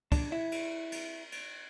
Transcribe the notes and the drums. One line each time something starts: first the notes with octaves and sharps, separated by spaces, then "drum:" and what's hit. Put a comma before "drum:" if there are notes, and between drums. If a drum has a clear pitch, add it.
D4, drum: kick, cymbal
E4
drum: cymbal
drum: cymbal
drum: cymbal